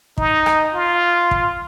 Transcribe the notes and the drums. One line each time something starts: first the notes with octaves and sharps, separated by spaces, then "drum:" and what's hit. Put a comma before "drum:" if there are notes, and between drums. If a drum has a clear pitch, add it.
D#4, drum: kick
drum: rim click
F4
drum: kick